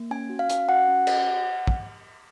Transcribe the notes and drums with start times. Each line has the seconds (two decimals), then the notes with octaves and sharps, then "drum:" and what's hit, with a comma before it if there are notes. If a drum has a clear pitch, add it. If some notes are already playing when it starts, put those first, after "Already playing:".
Already playing: A#3
0.11 C#4 G#5
0.30 F#4
0.39 F5
0.49 C#4, drum: hi-hat
0.69 F#4 F#5
0.88 C#4
1.07 F#4, drum: cymbal
1.67 drum: kick